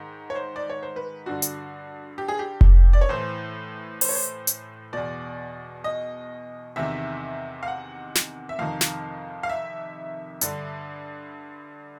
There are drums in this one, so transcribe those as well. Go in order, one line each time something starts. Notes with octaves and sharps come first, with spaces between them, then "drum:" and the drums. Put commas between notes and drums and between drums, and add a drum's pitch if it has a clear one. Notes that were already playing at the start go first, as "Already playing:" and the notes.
Already playing: G#2 D#3
C#5
C5
D5
C#5
C5
B4
G2 D3 F#4
drum: hi-hat
G4
G#4
G4
drum: kick F1
D5
C#5
A2 E3 C5
C5, drum: open hi-hat
C#5
C5
drum: hi-hat
E2 B2 D5
D#5
E2 C3 D#3 E5
F5
F#5
drum: snare
E5
F2 C3 D#3 F5
drum: snare
F5
E5
G2 D3, drum: hi-hat